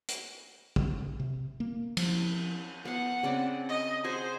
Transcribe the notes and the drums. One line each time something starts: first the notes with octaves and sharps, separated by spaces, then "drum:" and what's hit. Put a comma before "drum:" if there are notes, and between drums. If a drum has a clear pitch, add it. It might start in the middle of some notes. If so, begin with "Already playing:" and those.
drum: hi-hat
drum: kick
C3
A#3
F3, drum: cymbal
B3 F5 F#5
C#3 C4 D5
D#5
G#4 C5 F#5 G#5